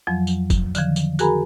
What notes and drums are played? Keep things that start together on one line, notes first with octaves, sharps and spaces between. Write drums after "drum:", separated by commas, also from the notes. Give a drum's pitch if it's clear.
F2 F3 F#3
drum: tambourine
drum: kick, tambourine
D3 D#3 F3, drum: tambourine
drum: tambourine
F#4 G#4 A#4 G#5 A#5 B5, drum: tambourine